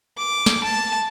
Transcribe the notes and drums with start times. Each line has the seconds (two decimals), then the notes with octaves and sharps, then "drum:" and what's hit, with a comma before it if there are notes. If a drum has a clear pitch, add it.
0.18 D6
0.46 drum: snare
0.64 A5